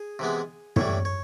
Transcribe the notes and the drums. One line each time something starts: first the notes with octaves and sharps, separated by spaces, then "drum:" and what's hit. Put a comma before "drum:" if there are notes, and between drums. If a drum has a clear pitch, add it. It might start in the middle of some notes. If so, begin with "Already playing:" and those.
Already playing: G#4
C3 E3 G#3 B3
A2 E3 G3 C#5, drum: tom
C#5